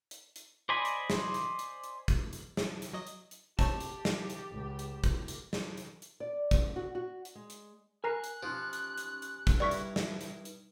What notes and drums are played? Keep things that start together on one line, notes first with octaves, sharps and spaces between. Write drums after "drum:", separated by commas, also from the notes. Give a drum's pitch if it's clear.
drum: hi-hat
drum: hi-hat
C5 D5 D#5 G#5 B5
drum: hi-hat
drum: snare
drum: hi-hat
drum: hi-hat
drum: hi-hat
drum: kick, hi-hat
drum: hi-hat
drum: snare
drum: hi-hat
F#3 D#5
drum: hi-hat
drum: hi-hat
C4 D#4 G4 C#5 A5, drum: kick, hi-hat
drum: hi-hat
drum: snare
drum: hi-hat
C#2
drum: hi-hat
drum: kick, hi-hat
drum: hi-hat
drum: snare
drum: hi-hat
drum: hi-hat
D5
drum: kick, hi-hat
F#4
F#4
drum: hi-hat
G#3
drum: hi-hat
A#4 G#5 A#5 F#6 C7
drum: hi-hat
F3 C#4 D#4 G4
drum: hi-hat
drum: hi-hat
drum: hi-hat
drum: kick, hi-hat
G2 D#4 E4 D5 C#6 B6
drum: hi-hat
drum: snare
drum: hi-hat
drum: hi-hat